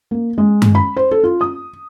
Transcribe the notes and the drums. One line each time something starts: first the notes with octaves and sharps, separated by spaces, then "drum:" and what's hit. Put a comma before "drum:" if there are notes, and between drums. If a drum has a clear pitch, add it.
A#3
G#3
drum: tom G2
B5
C5
A4
F4
D#6